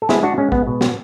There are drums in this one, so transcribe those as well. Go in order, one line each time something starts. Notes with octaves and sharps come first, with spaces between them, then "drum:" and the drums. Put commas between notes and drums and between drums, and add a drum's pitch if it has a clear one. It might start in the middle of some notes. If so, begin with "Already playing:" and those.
A4
G#3 E4 G#4, drum: snare
D4 F#4
G#3 C#4
B3, drum: kick
B2
drum: snare